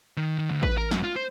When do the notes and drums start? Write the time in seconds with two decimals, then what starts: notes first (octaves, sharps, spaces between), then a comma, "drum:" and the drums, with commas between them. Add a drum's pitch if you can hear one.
0.17 D#3
0.38 D#3
0.50 D2
0.63 B4, drum: kick A1
0.78 A#4
0.91 F#2, drum: snare
1.03 F4
1.16 C5